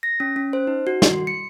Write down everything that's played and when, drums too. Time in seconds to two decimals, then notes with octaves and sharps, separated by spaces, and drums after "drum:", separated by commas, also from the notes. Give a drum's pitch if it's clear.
0.03 A#6
0.20 C#4
0.36 C#4
0.53 C5
0.67 D#4
0.87 F#4
1.02 C6, drum: snare
1.27 C#7